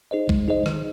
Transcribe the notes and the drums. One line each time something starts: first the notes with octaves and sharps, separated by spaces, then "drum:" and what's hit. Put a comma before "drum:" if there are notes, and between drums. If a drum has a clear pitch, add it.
D#4 G#4 C5 D#5
G#3, drum: kick A#1
D#4 G#4 C5 D#5
D#3, drum: rim click